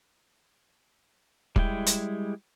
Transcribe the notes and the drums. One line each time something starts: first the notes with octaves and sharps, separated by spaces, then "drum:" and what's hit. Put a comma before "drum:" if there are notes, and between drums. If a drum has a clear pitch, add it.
G3 G#3 E4 G5, drum: kick
drum: hi-hat